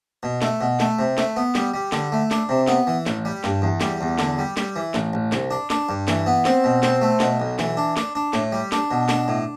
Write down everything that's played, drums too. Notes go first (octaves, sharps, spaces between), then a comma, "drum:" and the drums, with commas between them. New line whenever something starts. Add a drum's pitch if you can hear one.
B2
A3, drum: snare
B2
A3, drum: snare
C3
A3, drum: snare
B3
G3, drum: snare
G3
D3, drum: snare
A3
D4, drum: snare
C3
B3, drum: snare
E3
A1, drum: snare
G3
G2, drum: snare
E2
G3, drum: snare
E2
D3, drum: snare
G3
G3, drum: snare
E3
A1, drum: snare
A1
C2, drum: snare
D4
D4, drum: snare
G2
E3, drum: snare
B3
C4, drum: snare
B2
C4, drum: snare
A3
B2, drum: snare
B1
E3, drum: snare
D4
D4, drum: snare
D4
A2, drum: snare
G3
D4, drum: snare
B2
D4, drum: snare
A2